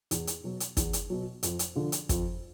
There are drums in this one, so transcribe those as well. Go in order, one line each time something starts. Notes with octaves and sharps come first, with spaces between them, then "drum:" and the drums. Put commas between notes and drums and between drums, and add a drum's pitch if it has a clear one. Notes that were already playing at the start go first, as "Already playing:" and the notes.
E2, drum: hi-hat
drum: hi-hat
B2 F#3
drum: hi-hat
E2, drum: kick, hi-hat
drum: hi-hat
B2 F#3
F2, drum: hi-hat
drum: hi-hat
D3 F3
drum: hi-hat
F2, drum: kick, hi-hat